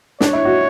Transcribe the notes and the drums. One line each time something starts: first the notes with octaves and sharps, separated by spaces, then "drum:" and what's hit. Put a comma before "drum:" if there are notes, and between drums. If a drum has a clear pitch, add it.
D4 C#5, drum: snare
E4
F#4